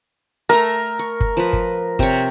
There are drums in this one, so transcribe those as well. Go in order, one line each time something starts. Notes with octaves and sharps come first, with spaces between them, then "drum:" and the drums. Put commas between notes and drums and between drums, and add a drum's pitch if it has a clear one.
A3 A#4 A#5
C#6
drum: kick G1
F3 B4
drum: kick G1
C3 C#5, drum: kick G1